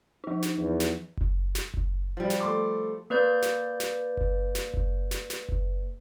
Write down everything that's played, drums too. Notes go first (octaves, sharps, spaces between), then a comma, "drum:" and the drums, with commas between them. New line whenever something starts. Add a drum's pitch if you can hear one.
F3 D#4
drum: snare
E2
drum: snare
drum: kick F#1
drum: snare
drum: kick F#1
F3 G3
drum: snare
A3 C6 D6
A#3 B4 D5 G6
drum: snare
drum: snare
drum: kick F#1
drum: snare
drum: kick F#1
drum: snare
drum: snare
drum: kick F#1